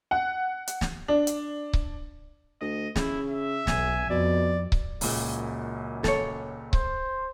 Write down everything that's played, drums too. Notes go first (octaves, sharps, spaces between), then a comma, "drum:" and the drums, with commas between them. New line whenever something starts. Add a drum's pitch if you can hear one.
F#5
drum: hi-hat
drum: snare
D4
drum: hi-hat
drum: kick C#1
D2 D#5
C#3 E4, drum: snare
E5
B1 G#5, drum: snare
F2 B2 D5
drum: kick C#1
C#2 F#2 A#2, drum: open hi-hat
A4 C#5, drum: snare
C5, drum: kick C#1